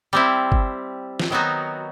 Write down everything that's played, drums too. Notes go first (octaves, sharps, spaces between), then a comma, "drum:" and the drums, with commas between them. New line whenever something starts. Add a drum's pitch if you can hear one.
G3 C4 E4
drum: kick G1
drum: snare
D#3 F#3 B3 D#4 F#4